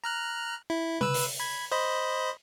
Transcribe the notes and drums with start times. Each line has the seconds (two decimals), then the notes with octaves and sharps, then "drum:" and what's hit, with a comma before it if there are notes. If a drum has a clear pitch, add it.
0.04 A#5 F6 F#6
0.70 E4
1.01 B4 E6, drum: tom
1.14 drum: open hi-hat
1.40 B5 G#6
1.71 C5 D#5 B5